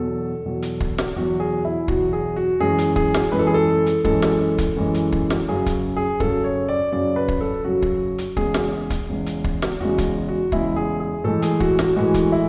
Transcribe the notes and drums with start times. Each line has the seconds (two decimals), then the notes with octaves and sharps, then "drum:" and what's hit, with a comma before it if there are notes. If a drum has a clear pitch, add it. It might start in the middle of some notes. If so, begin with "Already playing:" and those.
Already playing: E2 B2 F#3 A4
0.44 E2 B2 F#3
0.62 drum: hi-hat
0.80 drum: kick
0.98 drum: snare
1.16 E2 B2 F#3 F#4
1.40 G#4
1.65 E4
1.88 E2 B2 F#3 F#4, drum: kick
2.13 G#4
2.36 F#4
2.60 F#2 E3 G#3 G#4
2.78 drum: hi-hat
2.96 G#4, drum: kick
3.14 drum: snare
3.32 F#2 E3 G#3 B4
3.39 A4
3.47 G#4
3.54 A4
3.86 drum: hi-hat
4.05 F#2 E3 G#3 A4, drum: kick
4.22 drum: snare
4.58 drum: kick, hi-hat
4.76 F#2 E3 G#3
4.94 drum: hi-hat
5.12 drum: kick
5.30 drum: snare
5.48 F#2 C#3 F#3 G#4
5.66 drum: kick, hi-hat
5.97 G#4
6.20 F#2 C#3 F#3 A4, drum: kick
6.44 C#5
6.69 D5
6.92 F#2 C#3 F#3 D5
7.16 B4
7.28 drum: kick
7.41 A4
7.64 F#2 C#3 F#3 F#4
7.82 drum: kick
8.18 drum: hi-hat
8.37 E2 C#3 G#3 G#4, drum: kick
8.54 drum: snare
8.90 drum: kick, hi-hat
9.08 E2 C#3 G#3
9.26 drum: hi-hat
9.44 drum: kick
9.62 drum: snare
9.80 E2 C#3 G#3 F#4
9.98 drum: kick, hi-hat
10.28 F#4
10.52 E2 C#3 G#3 E4, drum: kick
10.76 G#4
11.00 G#4
11.24 A2 E3 G#3 A4
11.42 G#4, drum: hi-hat
11.60 F#4, drum: kick
11.79 F#4, drum: snare
11.96 A2 E3 G#3 F#4
12.14 drum: kick, hi-hat
12.32 E4